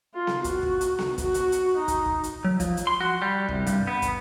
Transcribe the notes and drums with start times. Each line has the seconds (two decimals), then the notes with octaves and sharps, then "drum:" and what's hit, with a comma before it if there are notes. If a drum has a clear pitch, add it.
0.14 F4
0.27 drum: snare B3
0.44 F#4, drum: kick, hi-hat
0.63 drum: kick
0.81 drum: hi-hat
0.99 drum: snare B3
1.18 F#4, drum: kick, hi-hat
1.34 drum: hi-hat
1.52 drum: hi-hat
1.78 D#4
1.88 drum: kick, hi-hat
2.06 drum: kick
2.24 drum: hi-hat
2.44 F#3
2.60 F3, drum: kick, hi-hat
2.77 drum: hi-hat
2.87 C6
3.01 F#4
3.22 G3
3.49 C2, drum: kick
3.66 G2, drum: hi-hat
3.87 B3
4.02 drum: kick, hi-hat